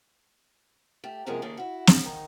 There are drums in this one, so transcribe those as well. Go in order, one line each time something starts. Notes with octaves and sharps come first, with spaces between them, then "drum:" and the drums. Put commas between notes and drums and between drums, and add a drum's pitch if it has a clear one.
A3 G4
F#2 C3 F3 G#3 A#3 G#4
D#2 C#3 A3 A#3 D4 G#4
E4 F#4
C#3, drum: snare
D#3 D#4